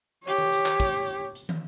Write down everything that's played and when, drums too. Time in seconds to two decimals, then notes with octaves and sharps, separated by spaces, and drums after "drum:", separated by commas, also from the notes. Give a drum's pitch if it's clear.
0.25 G4 C#5
0.38 drum: tom D#3
0.52 drum: hi-hat
0.66 drum: clap
0.80 drum: kick, open hi-hat
1.07 drum: hi-hat
1.35 drum: hi-hat
1.49 drum: tom